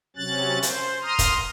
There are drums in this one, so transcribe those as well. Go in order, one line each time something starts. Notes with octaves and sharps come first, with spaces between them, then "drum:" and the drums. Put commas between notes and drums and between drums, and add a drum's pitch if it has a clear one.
C3 F#3 C#4 F#6 A6
C5, drum: hi-hat
A#5 C6 D#6 F6
drum: kick, hi-hat